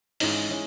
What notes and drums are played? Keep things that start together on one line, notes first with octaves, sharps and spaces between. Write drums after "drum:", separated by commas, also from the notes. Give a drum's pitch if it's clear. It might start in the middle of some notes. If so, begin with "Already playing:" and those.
G#1 G#2 E3 G#3 C#4 D#4, drum: open hi-hat
E3 G#3 C#4